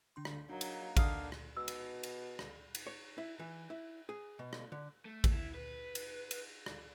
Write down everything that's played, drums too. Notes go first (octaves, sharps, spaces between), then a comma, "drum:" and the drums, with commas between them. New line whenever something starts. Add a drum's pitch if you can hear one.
D3 D4 C6
drum: rim click
F#3 A#3 D4 D#4
drum: cymbal
D3 F5 D#6, drum: kick A1, cymbal
drum: rim click
B2 E6
drum: cymbal
drum: cymbal
drum: rim click
drum: cymbal
C#5
E4
E3
E4
G#4
B2
drum: rim click
D3
A3
drum: kick A1, cymbal
E4
B4
drum: cymbal
drum: cymbal
drum: rim click